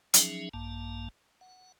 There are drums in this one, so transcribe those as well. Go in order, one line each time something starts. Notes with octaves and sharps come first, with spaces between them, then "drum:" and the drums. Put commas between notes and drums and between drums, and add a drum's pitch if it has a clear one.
F3 F#3 C#4 D#4 G#4 E5, drum: hi-hat
A#1 G2 A#3 A5
F#5